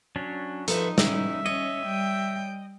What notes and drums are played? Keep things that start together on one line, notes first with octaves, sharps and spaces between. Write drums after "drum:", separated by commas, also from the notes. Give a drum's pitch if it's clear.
F#3 C#4 D4
F3 D#4 A4 B4 E5, drum: hi-hat
A2 G3 C#4 E4 E5, drum: snare
C#4 C#5 D#5
G3 G5